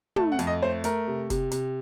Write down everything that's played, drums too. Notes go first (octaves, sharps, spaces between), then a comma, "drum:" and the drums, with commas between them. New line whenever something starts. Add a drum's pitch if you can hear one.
A3 A5, drum: tom
F#5
F2, drum: hi-hat
D#5
A3 C5
A3 A#4, drum: hi-hat
C3
C3, drum: kick, hi-hat
C3, drum: hi-hat